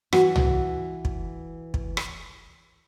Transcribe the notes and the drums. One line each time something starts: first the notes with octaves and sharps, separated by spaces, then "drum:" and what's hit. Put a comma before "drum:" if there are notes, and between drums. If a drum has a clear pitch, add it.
E3 F#4, drum: rim click
drum: tom
drum: kick
drum: kick
drum: rim click